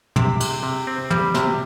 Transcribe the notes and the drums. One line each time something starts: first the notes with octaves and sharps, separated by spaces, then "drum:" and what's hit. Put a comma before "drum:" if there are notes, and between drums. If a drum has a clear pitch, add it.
C3, drum: tom
C3, drum: cymbal
C3
C4
G3, drum: tom
C3, drum: snare